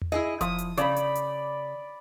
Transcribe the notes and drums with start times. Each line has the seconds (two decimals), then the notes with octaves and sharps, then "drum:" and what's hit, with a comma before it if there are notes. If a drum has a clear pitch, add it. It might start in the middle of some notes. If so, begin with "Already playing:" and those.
0.02 drum: tom E2
0.12 E4 G#4 D#5
0.41 F3 D#6, drum: kick F1, hi-hat
0.58 drum: hi-hat
0.77 C#3 D5 B5, drum: hi-hat
0.96 drum: hi-hat
1.15 drum: hi-hat